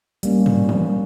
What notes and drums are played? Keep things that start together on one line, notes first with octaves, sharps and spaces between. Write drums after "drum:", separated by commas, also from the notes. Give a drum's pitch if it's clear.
G3 A#3 C#4, drum: hi-hat
drum: tom
drum: tom E3